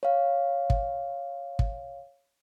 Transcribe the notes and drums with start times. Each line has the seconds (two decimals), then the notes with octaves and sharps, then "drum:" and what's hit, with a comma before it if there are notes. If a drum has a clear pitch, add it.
0.03 C#5 F5
0.70 drum: kick
1.59 drum: kick